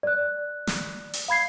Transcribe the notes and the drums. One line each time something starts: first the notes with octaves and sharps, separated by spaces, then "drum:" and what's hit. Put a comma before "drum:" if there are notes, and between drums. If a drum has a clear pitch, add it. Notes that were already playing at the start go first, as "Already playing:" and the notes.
D5 F#6
drum: snare
drum: open hi-hat
F5 B5 G#6 C7